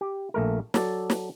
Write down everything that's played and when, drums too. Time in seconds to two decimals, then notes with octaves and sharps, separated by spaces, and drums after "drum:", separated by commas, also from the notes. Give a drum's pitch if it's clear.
0.01 G4
0.34 A#1 A3 A#4
0.74 F#3 A4 D5, drum: snare
1.10 drum: snare